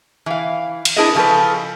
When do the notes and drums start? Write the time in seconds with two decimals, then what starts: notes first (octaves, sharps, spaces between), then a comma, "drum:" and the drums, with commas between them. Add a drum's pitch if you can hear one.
0.26 E3 F5
0.85 drum: cymbal
0.96 D4 E4 G#4 A#4 B4 D#5
1.15 C#3 F3 B3 A4 B4